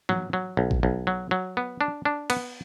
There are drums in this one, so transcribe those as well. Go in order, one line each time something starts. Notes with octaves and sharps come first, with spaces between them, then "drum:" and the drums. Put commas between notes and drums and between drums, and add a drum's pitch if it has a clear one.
F#3, drum: tom
F#3
B1
drum: kick A1
B1
F#3
F#3
B3
D4
D4
B3, drum: cymbal